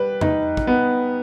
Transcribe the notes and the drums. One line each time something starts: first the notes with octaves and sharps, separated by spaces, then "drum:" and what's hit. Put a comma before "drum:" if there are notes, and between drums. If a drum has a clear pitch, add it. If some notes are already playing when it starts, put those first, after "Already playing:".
Already playing: G3 B4
D#4, drum: tom E2
drum: kick
B3